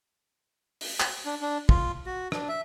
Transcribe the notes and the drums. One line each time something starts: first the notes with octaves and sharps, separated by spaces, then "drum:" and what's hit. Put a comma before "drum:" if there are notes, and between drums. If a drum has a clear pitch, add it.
drum: open hi-hat
drum: clap
D4
D4
F4, drum: kick
F#4
D4, drum: rim click
E5